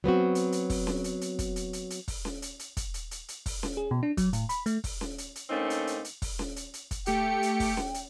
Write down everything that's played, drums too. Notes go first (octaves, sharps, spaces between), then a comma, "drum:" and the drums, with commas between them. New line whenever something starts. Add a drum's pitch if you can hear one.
F#3 B3 C4 F#4
drum: hi-hat
drum: hi-hat
drum: kick, open hi-hat
drum: snare C#4
drum: hi-hat
drum: hi-hat
drum: kick, hi-hat
drum: hi-hat
drum: hi-hat
drum: hi-hat
drum: kick, open hi-hat
drum: snare C#4
drum: hi-hat
drum: hi-hat
drum: kick, hi-hat
drum: hi-hat
drum: hi-hat
drum: hi-hat
drum: kick, open hi-hat
drum: snare C#4
G#4
B2
D4
F#3, drum: kick, hi-hat
A2, drum: hi-hat
B5, drum: hi-hat
A3, drum: hi-hat
drum: kick, open hi-hat
drum: snare C#4
drum: hi-hat
drum: hi-hat
D3 A3 A#3 C4 C#4 D#4
drum: hi-hat
drum: hi-hat
drum: hi-hat
drum: kick, open hi-hat
drum: snare C#4
drum: hi-hat
drum: hi-hat
drum: kick, hi-hat
A3 G4 G5 C#7, drum: hi-hat
drum: hi-hat
drum: kick, open hi-hat
drum: snare C#4
drum: hi-hat